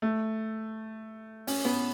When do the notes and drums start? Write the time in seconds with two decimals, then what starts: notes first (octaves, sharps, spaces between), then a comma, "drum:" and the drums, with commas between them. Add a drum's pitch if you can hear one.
0.02 A3
1.47 C#4, drum: open hi-hat
1.65 B3